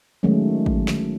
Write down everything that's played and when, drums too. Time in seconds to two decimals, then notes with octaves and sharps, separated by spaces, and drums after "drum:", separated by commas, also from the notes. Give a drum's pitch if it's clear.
0.23 D#3 F#3 G#3 A3 C#4
0.66 drum: kick G#1
0.88 drum: snare